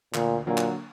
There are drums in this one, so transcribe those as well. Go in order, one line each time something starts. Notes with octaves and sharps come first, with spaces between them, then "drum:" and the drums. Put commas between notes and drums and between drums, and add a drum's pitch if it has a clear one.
D2 A#2, drum: clap
A#2 D3 F#3 A#3
drum: clap